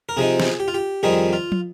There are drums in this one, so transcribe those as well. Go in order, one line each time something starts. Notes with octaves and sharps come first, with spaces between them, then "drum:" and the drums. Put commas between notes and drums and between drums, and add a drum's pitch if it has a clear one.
A#4
C3 F3 C4 D#4 G#4
drum: snare
G4
F4
G4
F2 D#3 G3 C4 D#4 G#4
F4
drum: tom